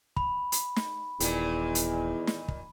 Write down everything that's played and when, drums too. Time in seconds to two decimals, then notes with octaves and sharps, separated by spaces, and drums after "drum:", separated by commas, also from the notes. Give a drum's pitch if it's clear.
0.16 B5, drum: kick
0.52 drum: hi-hat
0.76 drum: snare
1.20 D#1 E2 A#2 D#3, drum: hi-hat
1.75 drum: hi-hat
2.27 drum: snare
2.48 drum: kick